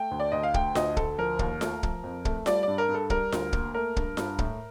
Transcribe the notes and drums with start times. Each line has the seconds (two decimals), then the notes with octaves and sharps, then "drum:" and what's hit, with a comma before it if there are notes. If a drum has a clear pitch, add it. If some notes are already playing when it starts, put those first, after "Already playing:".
Already playing: A3 G5
0.11 D2
0.20 D5
0.32 D2 D#5
0.43 F5
0.54 A3 G5, drum: kick
0.75 D2 D#5, drum: snare F4
0.97 D2 A4, drum: kick
1.18 F3 A#4
1.39 D#2, drum: kick
1.61 A3, drum: snare F4
1.83 F3, drum: kick
2.04 F2
2.25 A3, drum: kick
2.46 G3 D5, drum: snare F4
2.63 G2 D5
2.78 A#4
2.89 G2
2.94 A4
3.10 G3 A#4, drum: kick
3.32 D2, drum: snare F4
3.53 A#3, drum: kick
3.74 A3 A#4
3.96 G2, drum: kick
4.17 G2, drum: snare F4
4.39 A2, drum: kick